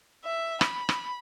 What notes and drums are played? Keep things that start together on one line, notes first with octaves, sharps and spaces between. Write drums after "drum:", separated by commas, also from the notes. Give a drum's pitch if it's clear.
E5
B5, drum: rim click
drum: rim click